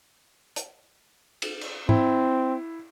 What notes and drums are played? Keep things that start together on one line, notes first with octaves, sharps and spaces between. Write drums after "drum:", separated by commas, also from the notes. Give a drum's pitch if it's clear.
drum: hi-hat
drum: cymbal
drum: cymbal
C4 E4, drum: tom G#2